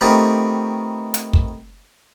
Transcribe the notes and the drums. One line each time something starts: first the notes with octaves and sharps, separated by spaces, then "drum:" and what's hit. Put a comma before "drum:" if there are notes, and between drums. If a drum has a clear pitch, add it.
D#3 A3 B3 C4 F4 G4
drum: hi-hat
drum: kick